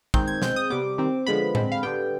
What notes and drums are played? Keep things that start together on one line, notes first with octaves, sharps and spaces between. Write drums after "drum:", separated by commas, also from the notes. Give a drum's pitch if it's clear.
D#3 G#3 C4 G6, drum: kick
G#6
B2 G#3 C4 G6, drum: snare
D#6
C3 G3 B3 D6
D#3 G3 C4
D3 F3 G#3 B3 B5
D3 G#3 C4, drum: tom A2
F5
D3 G3 B3 G5